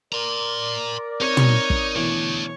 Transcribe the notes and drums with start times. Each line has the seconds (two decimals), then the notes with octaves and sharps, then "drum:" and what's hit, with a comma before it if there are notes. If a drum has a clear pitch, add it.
0.12 A#4 D5 A#5 C6
1.20 C4 D#4 C#5
1.37 drum: tom
1.70 drum: kick
1.96 B2 E3 A3 D4 C#5